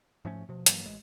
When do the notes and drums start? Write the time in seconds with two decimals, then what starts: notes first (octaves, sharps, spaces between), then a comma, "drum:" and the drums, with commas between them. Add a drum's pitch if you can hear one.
0.25 G#2 F3 A3 C#4
0.49 B2 F3
0.66 G2 E3 F#3 A#3, drum: hi-hat
0.84 A1 G#3